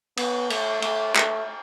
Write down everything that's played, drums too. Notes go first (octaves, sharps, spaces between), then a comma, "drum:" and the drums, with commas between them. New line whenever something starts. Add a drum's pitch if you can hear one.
B3, drum: cymbal
A3, drum: cymbal
A3, drum: cymbal
A3, drum: clap